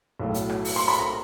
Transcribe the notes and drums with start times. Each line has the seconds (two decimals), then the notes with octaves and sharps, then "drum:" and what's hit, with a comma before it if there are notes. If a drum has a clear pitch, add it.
0.20 B1 A2 F#3
0.34 drum: hi-hat
0.49 drum: rim click
0.65 drum: open hi-hat
0.76 C6
0.88 B5
0.99 A#5